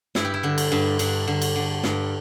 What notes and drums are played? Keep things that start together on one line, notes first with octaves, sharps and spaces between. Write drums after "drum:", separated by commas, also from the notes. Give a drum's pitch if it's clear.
G2 E4, drum: snare
G4
E4
D3 D4
drum: cymbal
G2 D4
G2 D4, drum: cymbal
D3
drum: cymbal
D3
G2, drum: snare